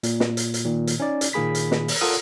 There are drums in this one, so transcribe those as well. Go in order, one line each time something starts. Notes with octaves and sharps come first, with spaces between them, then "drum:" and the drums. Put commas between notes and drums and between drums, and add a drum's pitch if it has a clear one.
A#2, drum: hi-hat
drum: snare
drum: hi-hat
drum: hi-hat
A#2 D#3
drum: hi-hat
C#4 D#4 D5
drum: hi-hat
A#2 D#3 A#3 G#4 B5 B6
drum: hi-hat
drum: snare
drum: open hi-hat
F4 A4 A#4 F#5 D#6